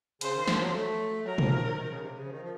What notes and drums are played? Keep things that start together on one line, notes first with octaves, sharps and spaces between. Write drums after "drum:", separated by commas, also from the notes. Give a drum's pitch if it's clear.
C#3 C5, drum: hi-hat
D#3
F3, drum: snare
F#3
A3
F#3 A#4
F3, drum: tom A#2
D#3
D#3
D#3
C#3
C3
C#3
F3
D#3
F3